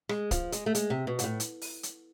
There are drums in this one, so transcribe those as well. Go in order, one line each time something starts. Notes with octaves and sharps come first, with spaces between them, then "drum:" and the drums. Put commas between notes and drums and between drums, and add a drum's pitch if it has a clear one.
G#3, drum: rim click
F3, drum: kick C#1, hi-hat
G#3, drum: hi-hat
A3
G#3, drum: hi-hat
C3
B2
G#2, drum: hi-hat
A2
drum: hi-hat
drum: open hi-hat
drum: hi-hat